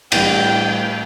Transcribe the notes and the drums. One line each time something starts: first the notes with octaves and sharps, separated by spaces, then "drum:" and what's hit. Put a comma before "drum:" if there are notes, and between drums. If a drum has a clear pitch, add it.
A2 E3 G3 G5, drum: cymbal